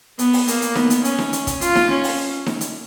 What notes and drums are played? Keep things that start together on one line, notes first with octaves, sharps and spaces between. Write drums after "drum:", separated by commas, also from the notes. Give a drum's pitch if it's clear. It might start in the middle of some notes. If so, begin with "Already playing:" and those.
B3, drum: hi-hat
drum: open hi-hat
A#3, drum: hi-hat
drum: hi-hat
B3, drum: snare D#4
drum: hi-hat
C#4, drum: hi-hat
drum: snare D#4
drum: hi-hat
drum: kick, hi-hat
F4, drum: hi-hat
drum: snare D#4
C#4
drum: open hi-hat
drum: snare D#4
drum: hi-hat